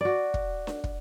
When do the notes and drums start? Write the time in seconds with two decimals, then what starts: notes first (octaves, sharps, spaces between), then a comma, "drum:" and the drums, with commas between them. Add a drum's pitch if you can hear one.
0.01 F#4 D5
0.34 drum: kick
0.67 drum: snare D4
0.84 drum: kick